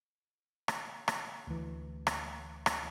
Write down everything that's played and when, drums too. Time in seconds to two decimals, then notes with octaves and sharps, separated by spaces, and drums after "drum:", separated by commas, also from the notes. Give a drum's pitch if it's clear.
0.68 drum: rim click
1.08 drum: rim click
1.47 D2 E3
2.07 drum: rim click
2.66 drum: rim click